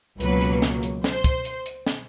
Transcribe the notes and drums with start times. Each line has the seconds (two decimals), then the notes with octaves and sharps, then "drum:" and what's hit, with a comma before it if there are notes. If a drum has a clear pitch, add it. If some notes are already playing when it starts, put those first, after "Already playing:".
0.20 C#2 B2 F#3 A#3 B4, drum: hi-hat
0.42 drum: hi-hat
0.62 drum: snare
0.83 drum: hi-hat
1.04 C5, drum: snare
1.24 drum: kick, hi-hat
1.45 drum: hi-hat
1.66 drum: hi-hat
1.87 drum: snare